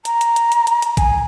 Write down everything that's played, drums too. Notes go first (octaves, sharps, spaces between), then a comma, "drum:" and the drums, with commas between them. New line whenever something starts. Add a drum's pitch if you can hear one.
A#5, drum: hi-hat
drum: hi-hat
drum: hi-hat
drum: hi-hat
drum: hi-hat
drum: hi-hat
G#5, drum: kick, hi-hat